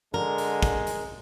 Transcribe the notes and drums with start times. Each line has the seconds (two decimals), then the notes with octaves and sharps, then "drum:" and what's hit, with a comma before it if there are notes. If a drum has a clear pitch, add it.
0.14 D3 G#3 A#4
0.38 drum: hi-hat
0.63 drum: kick, hi-hat
0.87 drum: hi-hat